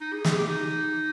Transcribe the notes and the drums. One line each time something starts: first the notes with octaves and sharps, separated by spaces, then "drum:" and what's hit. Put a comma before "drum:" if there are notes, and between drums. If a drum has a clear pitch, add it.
D#4
G#4
G#4, drum: snare
G4
D#4